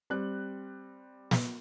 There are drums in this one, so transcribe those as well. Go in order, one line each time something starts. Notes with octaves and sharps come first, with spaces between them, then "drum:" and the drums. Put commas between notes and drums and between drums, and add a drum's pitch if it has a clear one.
G3 C4 F#6
drum: snare